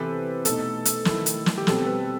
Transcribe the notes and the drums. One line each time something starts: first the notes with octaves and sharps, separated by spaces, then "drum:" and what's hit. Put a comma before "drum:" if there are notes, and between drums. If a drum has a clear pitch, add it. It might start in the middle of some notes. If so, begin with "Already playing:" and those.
Already playing: C3 E3 B3 E4 G4 A4 B4 C5
B2 A3 D#4 A4, drum: hi-hat
drum: hi-hat
D#3 A3 E4, drum: snare
drum: hi-hat
drum: snare
G4
B2 G3 C4 A4, drum: snare
B4